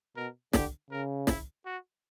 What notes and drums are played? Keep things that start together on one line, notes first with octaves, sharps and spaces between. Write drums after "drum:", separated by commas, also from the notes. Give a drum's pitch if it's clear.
B2 A#4
D3 G4, drum: snare
C#3 A#4
E4, drum: snare
F#4